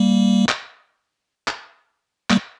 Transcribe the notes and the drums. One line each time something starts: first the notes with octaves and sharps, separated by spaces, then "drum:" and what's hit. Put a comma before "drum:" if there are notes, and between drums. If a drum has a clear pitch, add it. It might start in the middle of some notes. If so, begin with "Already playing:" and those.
Already playing: G3 A#3
drum: clap
drum: clap
G3 A#3, drum: clap